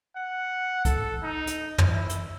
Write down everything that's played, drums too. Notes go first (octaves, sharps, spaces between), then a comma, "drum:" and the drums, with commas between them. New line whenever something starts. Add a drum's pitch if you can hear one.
F#5
A4, drum: kick C#2, hi-hat
D#4
drum: hi-hat
drum: tom
E4
drum: hi-hat